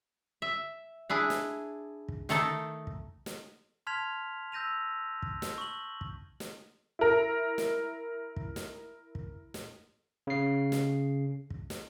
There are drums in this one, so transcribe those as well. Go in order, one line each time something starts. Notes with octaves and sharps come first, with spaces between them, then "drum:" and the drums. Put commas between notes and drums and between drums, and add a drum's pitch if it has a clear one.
E5
D4 E4 G#4
drum: snare
drum: kick
D#3 A3 D#4 A4, drum: snare
drum: kick
drum: snare
A5 C6 F6 G#6 B6 F7
E6 G6 A#6 D#7 F7
drum: kick
drum: snare
C#6 F#7
drum: kick
drum: snare
E4 A#4
drum: snare
drum: kick
drum: snare
drum: kick
drum: snare
C#3 C7
drum: snare
drum: kick
drum: snare